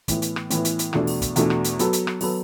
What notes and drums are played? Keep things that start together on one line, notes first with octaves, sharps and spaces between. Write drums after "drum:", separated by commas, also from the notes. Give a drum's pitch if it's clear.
A2 E3 B3, drum: kick, hi-hat
drum: hi-hat
drum: rim click
A2 E3 B3, drum: hi-hat
drum: hi-hat
drum: hi-hat
E2 B2 A3 D4, drum: rim click
drum: open hi-hat
drum: kick, hi-hat
E2 B2 A3 D4, drum: hi-hat
drum: rim click
drum: hi-hat
F#3 B3 F#4 A4, drum: hi-hat
drum: hi-hat
drum: rim click
F#3 B3 F#4 A4, drum: open hi-hat